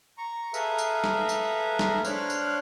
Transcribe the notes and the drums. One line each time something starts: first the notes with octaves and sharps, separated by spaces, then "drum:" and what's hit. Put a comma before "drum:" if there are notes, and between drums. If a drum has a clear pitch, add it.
A#5 C#6
G#4 A4 B4 E5 F5 A#5, drum: tambourine
drum: tambourine
drum: snare
drum: tambourine
drum: snare
D4 C5 C#5 F5 F6 F#6, drum: tambourine
drum: tambourine